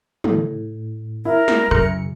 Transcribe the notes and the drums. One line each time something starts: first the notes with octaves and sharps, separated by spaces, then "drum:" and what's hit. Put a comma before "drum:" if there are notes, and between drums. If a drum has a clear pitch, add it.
A2, drum: tom
E4 A#4
drum: snare
F#2 C#3 C#7, drum: rim click